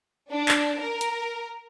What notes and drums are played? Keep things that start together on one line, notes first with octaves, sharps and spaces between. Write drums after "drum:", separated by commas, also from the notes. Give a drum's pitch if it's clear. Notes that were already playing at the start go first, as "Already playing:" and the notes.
D4
drum: clap
A#4
drum: hi-hat